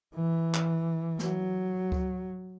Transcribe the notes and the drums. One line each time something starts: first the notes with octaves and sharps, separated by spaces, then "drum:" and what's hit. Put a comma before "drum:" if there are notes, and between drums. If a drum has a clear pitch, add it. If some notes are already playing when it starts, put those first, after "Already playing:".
E3
drum: clap
F#3, drum: snare
drum: kick C#2